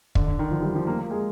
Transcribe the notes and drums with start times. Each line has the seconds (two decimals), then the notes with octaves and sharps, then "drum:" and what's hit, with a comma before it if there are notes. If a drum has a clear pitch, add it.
0.15 D3, drum: kick
0.27 D3
0.39 D#3
0.51 F3
0.63 G3
0.76 F3
0.87 A#3
0.99 A#3
1.11 G#3